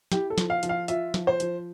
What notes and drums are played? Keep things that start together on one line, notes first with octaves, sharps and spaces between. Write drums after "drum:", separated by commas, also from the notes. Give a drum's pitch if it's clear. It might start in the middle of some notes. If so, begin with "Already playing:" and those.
E4 G4, drum: snare
A4
F3, drum: snare
F5
F3, drum: hi-hat
F5
F4 E5, drum: hi-hat
F3, drum: snare
C5
F3, drum: hi-hat